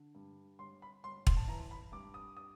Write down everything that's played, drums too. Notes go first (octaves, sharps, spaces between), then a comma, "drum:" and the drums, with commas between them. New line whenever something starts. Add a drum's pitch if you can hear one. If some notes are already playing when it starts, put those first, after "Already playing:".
Already playing: D3
G2
G1 C6
B5
G1 C6
C6, drum: kick
A5
E3 A#5
B5
G2 D6
D#6
D#6